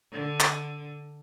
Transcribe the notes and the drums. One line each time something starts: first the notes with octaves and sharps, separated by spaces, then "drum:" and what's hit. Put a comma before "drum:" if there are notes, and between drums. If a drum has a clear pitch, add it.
D3
drum: clap